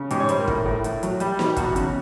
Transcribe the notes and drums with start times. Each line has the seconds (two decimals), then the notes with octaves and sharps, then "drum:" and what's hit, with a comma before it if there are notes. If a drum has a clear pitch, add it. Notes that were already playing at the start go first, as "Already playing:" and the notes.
Already playing: C#3
0.11 G#2 G4, drum: hi-hat
0.20 C#5
0.29 G3 C5, drum: hi-hat
0.39 A#4
0.48 A2, drum: kick
0.66 A2
0.84 A2, drum: hi-hat
1.03 F#3, drum: hi-hat
1.20 G3 G4, drum: hi-hat
1.39 B2, drum: snare
1.57 E2 F#4, drum: kick, hi-hat
1.76 C#3, drum: hi-hat